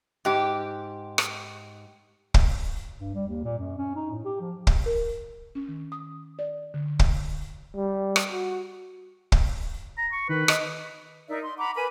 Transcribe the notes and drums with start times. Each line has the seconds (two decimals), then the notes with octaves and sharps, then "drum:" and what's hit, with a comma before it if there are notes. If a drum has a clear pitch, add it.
0.25 G#2 G4
1.18 drum: rim click
2.34 drum: kick
2.99 G2
3.15 G3
3.27 D#2
3.44 A#2
3.58 F#2
3.78 C#4
3.96 D#4
4.11 A2
4.25 G4
4.41 F3
4.67 drum: kick
4.86 A#4
5.55 C#4
5.68 D#3
5.92 D#6
6.39 D5
6.74 D3
6.99 drum: kick
7.74 G3
8.16 drum: rim click
8.32 F#4
9.32 drum: kick
9.98 A#5
10.12 C#6
10.29 D#3 B4
10.48 D#5, drum: rim click
11.28 D#4 A#4 D5 E5
11.43 C6
11.58 F#5 A#5 B5 D6
11.76 A#4 B4 G#5 B5